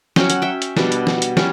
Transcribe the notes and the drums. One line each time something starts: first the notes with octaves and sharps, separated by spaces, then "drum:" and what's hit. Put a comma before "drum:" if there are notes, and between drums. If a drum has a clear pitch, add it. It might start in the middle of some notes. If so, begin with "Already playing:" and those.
F#3 C#4 G5, drum: snare
F#5, drum: hi-hat
E5 G5
drum: hi-hat
B2 G3 D4, drum: snare
drum: hi-hat
drum: snare
drum: hi-hat
G3 C#4, drum: snare